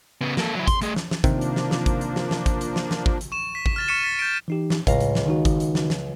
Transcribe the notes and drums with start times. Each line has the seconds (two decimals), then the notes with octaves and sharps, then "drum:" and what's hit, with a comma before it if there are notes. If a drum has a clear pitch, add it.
0.21 C#3 B3
0.37 A#3 A4, drum: snare
0.55 F#3 E4
0.68 C6, drum: kick G#1, hi-hat
0.81 A3 G#4, drum: hi-hat
0.96 drum: snare
1.11 drum: snare
1.24 C3 D#3 F3 A#3 D4, drum: kick G#1, hi-hat
1.41 drum: hi-hat
1.56 drum: snare
1.71 drum: snare
1.86 drum: kick G#1, hi-hat
2.01 drum: hi-hat
2.16 drum: snare
2.31 drum: snare
2.46 drum: kick G#1, hi-hat
2.61 drum: hi-hat
2.76 drum: snare
2.91 drum: snare
3.06 drum: kick G#1
3.21 drum: hi-hat
3.32 C#6 E7
3.55 B6
3.66 drum: kick G#1
3.76 F6 A6 E7
3.88 C#6 F6 B6 C#7 D#7 E7
4.03 A6 B6
4.19 G6 A6 D7
4.48 E3 D#4 G4
4.70 drum: snare
4.87 C#2 A2 F5 A#5, drum: kick G#1, hi-hat
5.00 drum: hi-hat
5.15 drum: snare
5.26 D#3 D#4 F#4
5.45 drum: kick G#1, hi-hat
5.60 drum: hi-hat
5.75 drum: snare
5.90 drum: snare